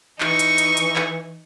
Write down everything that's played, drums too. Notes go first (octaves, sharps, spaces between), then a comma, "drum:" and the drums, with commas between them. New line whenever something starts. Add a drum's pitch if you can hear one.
E3 D#4 C#6, drum: clap
drum: hi-hat
drum: hi-hat
drum: hi-hat
drum: clap